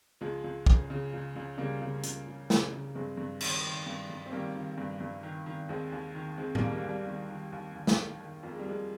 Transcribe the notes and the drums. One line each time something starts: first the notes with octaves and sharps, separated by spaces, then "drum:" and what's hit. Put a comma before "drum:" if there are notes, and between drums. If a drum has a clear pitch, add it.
C#2 F3 G#3
C#2
C#3, drum: kick
C#3
C#2
C#2
C#3 G3 A#3
C#3
C#2, drum: hi-hat
C#2
C#3, drum: snare
C#3
G2 G#3 C4
G2
D#3, drum: cymbal
D#3
G2
G2
C4
D#3 G3 A#3
D#3
G2
G2
D#3
D#3
D#2 G#3 C4
D#2
D#3
D#3 G#3 C4
G3 A#3, drum: tom
D#2
G3 A#3
D#2
G3
D#3 G3
D#3
D#2
D#2
drum: snare
D#3
D#3
F2 A#3
G#3
G3
F2 F3 G#3